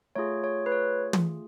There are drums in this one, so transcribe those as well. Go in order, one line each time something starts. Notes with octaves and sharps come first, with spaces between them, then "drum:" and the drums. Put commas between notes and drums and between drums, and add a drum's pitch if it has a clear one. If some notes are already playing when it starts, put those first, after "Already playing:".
A3 F4 G#4 C#5
C#5
B4
C#5
drum: tom